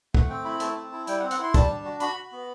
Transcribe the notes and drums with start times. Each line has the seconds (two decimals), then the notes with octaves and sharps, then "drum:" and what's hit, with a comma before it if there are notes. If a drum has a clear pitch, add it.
0.14 A3 F#5, drum: kick
0.29 C4 G5
0.45 E4 B5
0.60 A3 A5, drum: hi-hat
0.76 C4
0.92 E4
1.07 G3 G5, drum: hi-hat
1.20 F#5
1.23 C4
1.31 F#5, drum: hi-hat
1.38 E4
1.43 C6
1.54 G3 A5, drum: kick, hi-hat
1.69 D4
1.85 F#4
2.00 F#4 B5, drum: hi-hat
2.16 F#4
2.32 B3